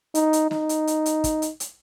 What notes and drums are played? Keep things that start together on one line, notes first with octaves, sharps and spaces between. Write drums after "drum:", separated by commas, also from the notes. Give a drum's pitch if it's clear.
D#4, drum: hi-hat
drum: hi-hat
D#4, drum: snare
drum: hi-hat
drum: hi-hat
drum: hi-hat
drum: kick, hi-hat
drum: hi-hat
drum: hi-hat